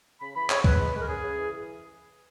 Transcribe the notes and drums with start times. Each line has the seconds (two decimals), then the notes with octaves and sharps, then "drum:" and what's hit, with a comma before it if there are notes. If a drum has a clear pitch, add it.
0.21 C#3 B5
0.35 E3 B5
0.50 G#3 C#5, drum: clap
0.64 C#3 B4, drum: kick C#2
0.79 G#3
0.94 G#3
1.00 A#4
1.08 C#3 G#4
1.22 C#3
1.37 E3